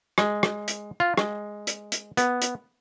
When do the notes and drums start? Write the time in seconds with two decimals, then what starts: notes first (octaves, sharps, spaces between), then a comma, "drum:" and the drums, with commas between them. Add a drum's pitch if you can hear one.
0.18 G#3, drum: rim click
0.43 drum: rim click
0.68 drum: hi-hat
1.00 F4
1.17 G#3, drum: rim click
1.67 drum: hi-hat
1.92 drum: hi-hat
2.17 B3, drum: hi-hat
2.42 drum: hi-hat